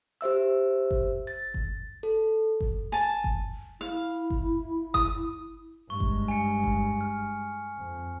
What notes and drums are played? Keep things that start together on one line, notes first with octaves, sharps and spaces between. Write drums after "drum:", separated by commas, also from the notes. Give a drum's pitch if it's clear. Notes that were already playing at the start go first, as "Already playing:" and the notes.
G4 C5 E5 E6
drum: kick G1
A6
drum: kick G1
A4
drum: kick G1
G#5 A5
drum: kick G1
E4 F5
drum: kick G1
D#6, drum: kick G1
G2 G#3 C#6
drum: kick G1
G#5 C#7
drum: kick G1
F6
F2